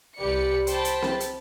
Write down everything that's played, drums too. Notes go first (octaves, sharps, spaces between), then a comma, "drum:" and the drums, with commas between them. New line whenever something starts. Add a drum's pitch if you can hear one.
C2 G4 B4 D5 C#7
C5 G5 A5 B5, drum: hi-hat
drum: hi-hat
drum: snare C4
drum: hi-hat